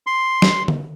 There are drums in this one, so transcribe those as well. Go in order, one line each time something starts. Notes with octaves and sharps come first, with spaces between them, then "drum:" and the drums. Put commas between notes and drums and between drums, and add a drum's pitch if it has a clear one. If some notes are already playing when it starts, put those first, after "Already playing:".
C6
drum: snare
drum: tom D3